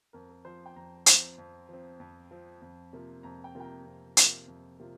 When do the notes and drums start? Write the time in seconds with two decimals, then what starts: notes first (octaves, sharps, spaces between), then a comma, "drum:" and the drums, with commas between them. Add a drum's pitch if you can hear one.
0.13 F2 A#4
0.30 A#4
0.45 F3 C4 C5
0.66 G5
0.76 F2 A#5
1.06 F3 C4, drum: hi-hat
1.38 F2
1.69 F3 C4
2.00 F2
2.31 F3 C4
2.62 F2
2.93 C3 A#3 F4
3.23 F2 A#5
3.44 G5
3.55 C3 A#3 F4
3.60 G5
3.65 A#5
3.86 F2
4.17 C3 A#3 F4, drum: hi-hat
4.48 F2
4.80 C3 A#3 F4